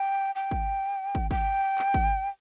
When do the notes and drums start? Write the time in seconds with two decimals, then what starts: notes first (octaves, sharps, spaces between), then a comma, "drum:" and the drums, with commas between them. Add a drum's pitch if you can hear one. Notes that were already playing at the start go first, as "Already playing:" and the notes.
Already playing: G5
0.35 G5
0.51 drum: kick
1.15 drum: kick
1.31 G5, drum: kick
1.78 drum: clap
1.94 drum: kick